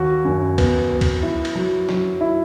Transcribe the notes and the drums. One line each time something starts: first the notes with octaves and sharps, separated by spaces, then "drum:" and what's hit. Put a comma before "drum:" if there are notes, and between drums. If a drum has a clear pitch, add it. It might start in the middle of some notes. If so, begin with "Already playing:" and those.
Already playing: D#2 F#4
F#2
B3, drum: kick C#2, cymbal
B3
drum: kick C#2, cymbal
E4
drum: cymbal
F#3
F#3, drum: snare
E4